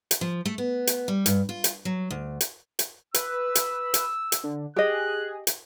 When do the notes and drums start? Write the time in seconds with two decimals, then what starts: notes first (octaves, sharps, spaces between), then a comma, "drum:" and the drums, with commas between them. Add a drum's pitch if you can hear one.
0.11 drum: hi-hat
0.21 F3
0.45 A3
0.58 B3
0.87 drum: hi-hat
1.08 G3
1.26 G2, drum: hi-hat
1.49 F4
1.64 drum: hi-hat
1.85 F#3
2.11 D2
2.41 drum: hi-hat
2.79 drum: hi-hat
3.14 B4 E6, drum: hi-hat
3.55 drum: hi-hat
3.94 drum: hi-hat
4.32 drum: hi-hat
4.44 D3
4.76 G4 G#4 D#5 F#6
5.47 drum: hi-hat